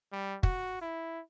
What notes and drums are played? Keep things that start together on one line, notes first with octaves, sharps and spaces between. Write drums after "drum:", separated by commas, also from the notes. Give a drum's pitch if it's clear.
G3
F#4, drum: kick
E4